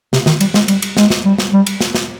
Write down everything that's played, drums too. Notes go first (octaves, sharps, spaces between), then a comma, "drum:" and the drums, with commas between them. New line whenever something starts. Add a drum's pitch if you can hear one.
C3, drum: snare
D#3, drum: snare
G3, drum: cymbal
G#3, drum: snare
G3, drum: cymbal
drum: cymbal
G#3, drum: snare
drum: snare
G3
drum: snare
G3
drum: cymbal
drum: snare
drum: snare